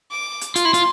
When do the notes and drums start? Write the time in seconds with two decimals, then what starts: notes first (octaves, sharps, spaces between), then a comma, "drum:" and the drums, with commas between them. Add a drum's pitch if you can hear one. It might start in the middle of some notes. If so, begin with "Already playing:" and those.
0.11 D6
0.41 drum: hi-hat
0.56 F4 C6, drum: hi-hat
0.65 E4
0.74 F4, drum: hi-hat